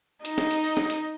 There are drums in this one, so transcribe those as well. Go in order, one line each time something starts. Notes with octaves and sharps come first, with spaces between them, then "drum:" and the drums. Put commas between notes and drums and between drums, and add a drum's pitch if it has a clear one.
D#4, drum: hi-hat
drum: snare C4
drum: hi-hat
drum: open hi-hat
drum: snare C4
drum: hi-hat